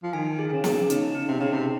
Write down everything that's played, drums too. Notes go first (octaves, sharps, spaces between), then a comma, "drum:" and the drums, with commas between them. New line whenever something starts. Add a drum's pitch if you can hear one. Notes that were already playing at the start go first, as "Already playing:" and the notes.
F3
D#3 G#5
G#4
D#3
C#3
G#4, drum: snare
C#3 D#4, drum: hi-hat
D#4
C3
C#3 D#4
C3